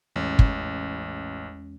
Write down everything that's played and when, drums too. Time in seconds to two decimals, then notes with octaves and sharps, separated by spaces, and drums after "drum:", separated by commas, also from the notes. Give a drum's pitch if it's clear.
0.16 A1 E2 G#3 C#4
0.39 drum: kick